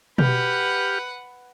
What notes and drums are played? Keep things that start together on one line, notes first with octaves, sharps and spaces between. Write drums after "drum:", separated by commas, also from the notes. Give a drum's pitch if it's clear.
G4 B4 F#5 F6, drum: tom B2